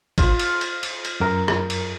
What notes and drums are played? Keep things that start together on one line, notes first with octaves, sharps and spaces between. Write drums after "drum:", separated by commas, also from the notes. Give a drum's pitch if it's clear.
F4 C5, drum: kick, cymbal
drum: cymbal
drum: cymbal
drum: cymbal
drum: cymbal
F#2 A#4
drum: rim click
drum: cymbal